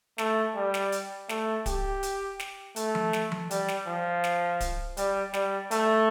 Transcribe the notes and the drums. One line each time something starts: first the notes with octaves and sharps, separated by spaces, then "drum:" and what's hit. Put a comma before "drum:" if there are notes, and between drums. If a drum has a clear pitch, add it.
A3, drum: snare
G3
drum: snare
drum: hi-hat
A3, drum: snare
G4, drum: kick D1, hi-hat
drum: hi-hat
drum: snare
A3, drum: hi-hat
drum: tom F3
drum: snare
drum: tom F3
G3, drum: hi-hat
drum: snare
F3
drum: snare
drum: kick D1, hi-hat
G3, drum: hi-hat
G3, drum: snare
A3, drum: hi-hat